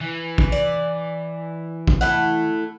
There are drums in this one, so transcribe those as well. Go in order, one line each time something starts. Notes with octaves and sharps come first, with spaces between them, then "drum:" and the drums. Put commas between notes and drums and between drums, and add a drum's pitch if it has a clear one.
E3
drum: kick
D5
drum: kick
A3 E4 F#5